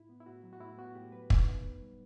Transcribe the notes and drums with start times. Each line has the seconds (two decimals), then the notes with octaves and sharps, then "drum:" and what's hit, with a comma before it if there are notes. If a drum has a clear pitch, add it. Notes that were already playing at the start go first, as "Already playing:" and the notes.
Already playing: A2 E4
0.09 B3
0.20 E4
0.26 A2 F#4
0.43 F#3
0.53 F#4
0.60 A2 E4
0.78 B3 F#4
0.95 A2 G4
1.12 F#3 B4
1.30 D#4, drum: kick
1.47 B3
1.64 A2
1.81 G3